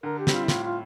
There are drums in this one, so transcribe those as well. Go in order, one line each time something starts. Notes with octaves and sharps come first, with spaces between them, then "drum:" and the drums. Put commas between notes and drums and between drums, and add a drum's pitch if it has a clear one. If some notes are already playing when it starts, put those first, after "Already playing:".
D3 A#4
G4
G3 C4, drum: snare
F4
E4
A2 F4, drum: snare
F4